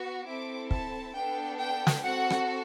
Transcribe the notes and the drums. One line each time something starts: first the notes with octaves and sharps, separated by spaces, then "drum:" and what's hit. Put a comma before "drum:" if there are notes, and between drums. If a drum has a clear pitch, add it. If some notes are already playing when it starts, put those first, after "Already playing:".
Already playing: B3 F#4
C4 E4 A4 D6
A5, drum: kick
B3 D4 A4 G5
G5
drum: snare
C4 F#4 A4 F#5
drum: rim click